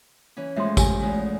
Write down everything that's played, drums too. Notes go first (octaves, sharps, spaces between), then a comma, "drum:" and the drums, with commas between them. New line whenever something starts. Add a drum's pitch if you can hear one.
E3 C#4
A2 F3 G#3 E5 C6
G4 G#5, drum: kick A1, tambourine
E2 G#3 A3